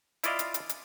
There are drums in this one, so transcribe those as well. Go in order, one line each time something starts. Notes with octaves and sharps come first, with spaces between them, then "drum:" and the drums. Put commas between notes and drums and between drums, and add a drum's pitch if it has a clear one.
E4 F4 D5 D#5 F5, drum: hi-hat
drum: hi-hat
drum: hi-hat
drum: hi-hat